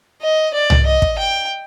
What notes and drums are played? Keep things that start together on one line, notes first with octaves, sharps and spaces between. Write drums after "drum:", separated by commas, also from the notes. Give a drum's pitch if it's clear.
D#5
D5
drum: tom C2
D#5
drum: kick
G5